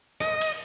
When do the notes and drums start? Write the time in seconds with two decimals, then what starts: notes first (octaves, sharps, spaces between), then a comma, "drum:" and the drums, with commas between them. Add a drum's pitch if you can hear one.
0.20 D#5, drum: rim click
0.41 drum: cymbal